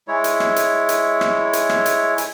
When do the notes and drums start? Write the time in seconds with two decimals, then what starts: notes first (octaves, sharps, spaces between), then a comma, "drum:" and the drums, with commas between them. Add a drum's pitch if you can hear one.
0.08 G#3 E4 C#5
0.24 drum: hi-hat
0.40 drum: rim click
0.56 drum: hi-hat
0.89 drum: hi-hat
1.21 drum: rim click
1.53 drum: hi-hat
1.69 drum: rim click
1.86 drum: hi-hat
2.18 drum: hi-hat